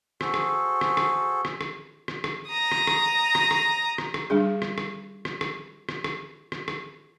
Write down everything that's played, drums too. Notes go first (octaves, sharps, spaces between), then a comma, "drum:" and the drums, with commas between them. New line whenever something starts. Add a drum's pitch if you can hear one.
F#4 G#4 A4 C5, drum: rim click
drum: rim click
drum: rim click
drum: rim click
drum: rim click
drum: rim click
drum: rim click
drum: rim click
A#5 D#6
drum: rim click
drum: rim click
drum: rim click
drum: rim click
drum: rim click
drum: rim click
G3 D4 G#4
drum: rim click
drum: rim click
drum: rim click
drum: rim click
drum: rim click
drum: rim click
drum: rim click
drum: rim click